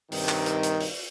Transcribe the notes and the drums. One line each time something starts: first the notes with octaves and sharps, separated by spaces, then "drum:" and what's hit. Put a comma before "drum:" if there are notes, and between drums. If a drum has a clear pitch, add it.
G2 C3 D#3, drum: open hi-hat
drum: clap
drum: hi-hat
drum: hi-hat
drum: open hi-hat